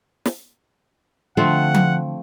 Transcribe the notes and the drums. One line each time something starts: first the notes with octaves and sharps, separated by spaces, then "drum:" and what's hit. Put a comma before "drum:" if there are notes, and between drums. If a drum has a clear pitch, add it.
drum: snare
D3 F3 A3 C4 F#5
drum: tom F3